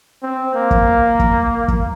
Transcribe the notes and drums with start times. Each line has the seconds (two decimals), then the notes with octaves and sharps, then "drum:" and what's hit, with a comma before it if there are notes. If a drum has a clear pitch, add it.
0.22 C4
0.55 A#3
0.71 drum: kick
1.19 drum: kick
1.68 drum: kick